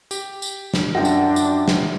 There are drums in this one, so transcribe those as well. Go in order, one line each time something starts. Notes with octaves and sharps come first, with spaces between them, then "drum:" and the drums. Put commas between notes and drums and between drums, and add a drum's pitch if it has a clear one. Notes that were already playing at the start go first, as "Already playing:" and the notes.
G4, drum: tambourine
drum: tambourine
drum: snare
F#2 D4 F4 F#5 G5 A#6
drum: tambourine
drum: tambourine
drum: snare